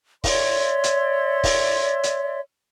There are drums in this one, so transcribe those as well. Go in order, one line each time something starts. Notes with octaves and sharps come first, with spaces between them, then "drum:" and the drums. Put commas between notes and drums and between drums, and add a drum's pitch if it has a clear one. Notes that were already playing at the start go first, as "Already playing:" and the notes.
C#5 D5 E5 C6, drum: kick, open hi-hat
drum: hi-hat
drum: kick, open hi-hat
drum: hi-hat